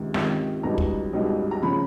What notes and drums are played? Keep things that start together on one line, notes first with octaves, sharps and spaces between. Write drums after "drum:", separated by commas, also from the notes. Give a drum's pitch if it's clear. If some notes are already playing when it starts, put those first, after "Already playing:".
Already playing: C#2 C3 D#3
C#2 C3 D#3, drum: snare
C#2 B2 G3 B3 D#4 A#5
drum: kick
C#2 B2 G3 B3 D#4
A#5
C#3 F3 B5